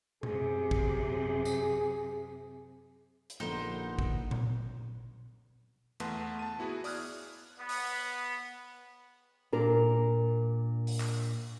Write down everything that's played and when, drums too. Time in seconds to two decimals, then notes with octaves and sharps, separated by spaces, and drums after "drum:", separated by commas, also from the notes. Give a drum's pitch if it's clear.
0.23 F#2 C3 G#4, drum: tom B2
0.71 drum: kick
1.45 drum: tambourine
3.30 drum: hi-hat
3.40 A#1 D3 B3 D#4 C5
3.99 drum: kick
4.31 drum: tom A#2
6.00 E2 A3 B4 F#5 A5 C6, drum: cymbal
6.39 A5 D#7
6.59 B3 E4 F#4 G#4 B4
6.84 D5 D#6 F6 F#6 G#6, drum: open hi-hat
7.60 B3
7.69 drum: open hi-hat
9.53 A#2 D4 A#4
10.87 drum: open hi-hat
11.00 drum: clap